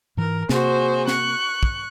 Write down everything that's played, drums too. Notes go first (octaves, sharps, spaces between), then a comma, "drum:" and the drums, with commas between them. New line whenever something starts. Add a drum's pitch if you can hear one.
G#2 E3 A#4
C3 A#3 F#4 G#4 C5, drum: snare
C#6 F#6, drum: snare
drum: kick